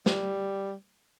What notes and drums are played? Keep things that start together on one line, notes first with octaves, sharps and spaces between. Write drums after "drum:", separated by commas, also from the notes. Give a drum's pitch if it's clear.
G3, drum: snare